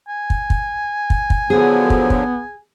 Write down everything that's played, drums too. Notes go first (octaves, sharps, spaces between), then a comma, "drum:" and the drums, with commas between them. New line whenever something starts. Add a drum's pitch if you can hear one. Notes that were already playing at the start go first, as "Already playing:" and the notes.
G#5
drum: kick
drum: kick
drum: kick
drum: kick
D3 F3 F#3 B3 G#4
drum: kick
drum: kick